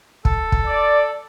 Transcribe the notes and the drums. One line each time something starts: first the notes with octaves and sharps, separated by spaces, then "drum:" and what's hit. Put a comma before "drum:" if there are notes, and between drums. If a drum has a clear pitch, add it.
A4, drum: kick
drum: kick
D5